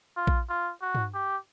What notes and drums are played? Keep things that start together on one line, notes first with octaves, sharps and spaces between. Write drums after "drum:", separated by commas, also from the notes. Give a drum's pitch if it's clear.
F4
drum: kick A#1
F4
F#4
drum: tom
G4